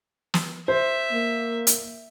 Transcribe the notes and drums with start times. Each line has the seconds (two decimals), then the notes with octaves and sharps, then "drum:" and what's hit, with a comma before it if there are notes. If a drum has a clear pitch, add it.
0.34 drum: snare
0.68 C5 E5
1.11 A#3
1.67 drum: hi-hat